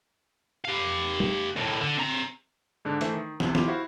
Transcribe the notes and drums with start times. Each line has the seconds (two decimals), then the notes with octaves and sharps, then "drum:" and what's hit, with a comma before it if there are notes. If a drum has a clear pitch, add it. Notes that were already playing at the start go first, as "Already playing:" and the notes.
0.65 G4 F5
1.20 drum: tom
1.57 D#2 A2
1.81 D3
1.97 C4 A#5
2.85 G#2 D3 D4
3.01 E3 A3 C5 E5, drum: hi-hat
3.13 D#3
3.40 C2 C3, drum: snare
3.55 E4 F4 G4, drum: snare
3.68 E4 F#4 C5 F5